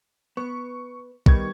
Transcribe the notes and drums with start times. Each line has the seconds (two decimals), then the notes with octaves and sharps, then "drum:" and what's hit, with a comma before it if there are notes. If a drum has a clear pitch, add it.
0.37 B3 C#6
1.26 D#3 G3 B3 D#4 C#6 G#6, drum: kick